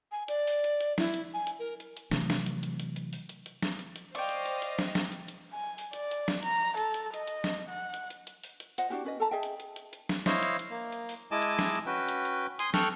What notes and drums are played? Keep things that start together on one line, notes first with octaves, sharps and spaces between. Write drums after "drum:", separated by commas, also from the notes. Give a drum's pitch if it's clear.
G#5
D5, drum: hi-hat
drum: open hi-hat
drum: hi-hat
drum: hi-hat
E4, drum: snare
drum: hi-hat
G#5
drum: hi-hat
A#4
drum: hi-hat
drum: hi-hat
C3 E3 F#3 A3, drum: snare
drum: snare
drum: hi-hat
drum: hi-hat
drum: hi-hat
drum: hi-hat
drum: open hi-hat
drum: hi-hat
drum: hi-hat
drum: snare
drum: hi-hat
drum: hi-hat
C5 D5 D#5 F5 G5 C#6, drum: hi-hat
drum: hi-hat
drum: hi-hat
drum: hi-hat
drum: snare
drum: snare
drum: hi-hat
drum: hi-hat
G#5
drum: open hi-hat
D5, drum: hi-hat
drum: hi-hat
drum: snare
A#5, drum: hi-hat
A4, drum: hi-hat
drum: hi-hat
D#5, drum: hi-hat
drum: hi-hat
drum: snare
F#5
drum: hi-hat
drum: hi-hat
drum: hi-hat
drum: open hi-hat
drum: hi-hat
F4 C5 D#5 F#5, drum: hi-hat
D4 E4 F#4 G4
C#4 B4 D#5
A4 E5 A5 A#5
G#4 D#5 E5 G5
drum: hi-hat
drum: hi-hat
drum: hi-hat
drum: hi-hat
drum: snare
E4 C5 C#5 D#5 F5, drum: snare
drum: hi-hat
drum: hi-hat
A#3
drum: hi-hat
drum: open hi-hat
G#3 E4 D#5 G#5 A5 D6
drum: hi-hat
drum: snare
drum: hi-hat
C#4 F#4 B4 G5
drum: hi-hat
drum: hi-hat
G#5 C6 D#6, drum: hi-hat
A4 G5 C#6 F6 F#6, drum: snare